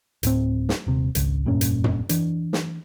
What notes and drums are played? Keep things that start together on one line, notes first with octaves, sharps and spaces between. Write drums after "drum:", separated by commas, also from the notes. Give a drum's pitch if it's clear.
D1 A2 C4, drum: hi-hat
drum: snare
D#1 C3
G#1 C#2, drum: hi-hat
F1 G2 A#2 C#4
drum: hi-hat
drum: tom
E3 D4, drum: hi-hat
drum: snare